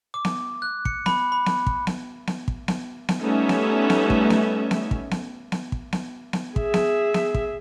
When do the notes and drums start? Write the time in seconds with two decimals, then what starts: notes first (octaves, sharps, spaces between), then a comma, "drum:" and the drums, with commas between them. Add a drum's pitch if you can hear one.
0.14 D6
0.25 drum: snare B3
0.62 F#6
0.85 C#7, drum: kick
1.06 B5, drum: snare B3
1.32 B5
1.46 drum: snare B3
1.67 drum: kick
1.87 drum: snare B3
2.27 drum: snare B3
2.48 drum: kick
2.68 drum: snare B3
3.09 drum: snare B3
3.21 G3 A3 B3 C#4 D#4 E5
3.49 drum: snare B3
3.90 drum: snare B3
4.10 drum: kick
4.30 drum: snare B3
4.71 drum: snare B3
4.91 drum: kick
5.11 drum: snare B3
5.52 drum: snare B3
5.72 drum: kick
5.92 drum: snare B3
6.33 drum: snare B3
6.56 G#4 E5, drum: kick
6.74 drum: snare B3
7.14 drum: snare B3
7.34 drum: kick